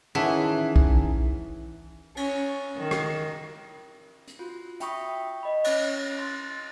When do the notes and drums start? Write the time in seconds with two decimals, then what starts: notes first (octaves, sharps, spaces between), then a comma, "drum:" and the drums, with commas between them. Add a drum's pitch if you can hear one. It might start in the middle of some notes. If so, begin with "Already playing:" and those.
0.15 D#3 E3 C#4 G#4 E5 F#5 A5
0.76 drum: kick A#1
2.17 C#4, drum: cymbal
2.75 D#3
2.91 drum: rim click
4.28 drum: hi-hat
4.39 F4 F#4
4.80 E5 G5 B5 C#6 D#6, drum: hi-hat
5.43 D#5 B5
5.64 C#4 C#5, drum: cymbal
6.19 C6 F#6 A6